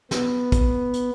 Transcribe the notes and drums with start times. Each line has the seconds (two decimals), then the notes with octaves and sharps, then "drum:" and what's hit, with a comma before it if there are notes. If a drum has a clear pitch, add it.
0.11 B3, drum: snare
0.52 drum: kick, hi-hat
0.93 drum: hi-hat